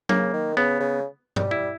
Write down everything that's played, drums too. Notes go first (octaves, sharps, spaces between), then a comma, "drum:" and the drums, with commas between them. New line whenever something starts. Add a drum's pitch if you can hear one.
C#3 A#3, drum: tom F#3
D#3
C#3 B3
C#3
G3, drum: tom G2
E4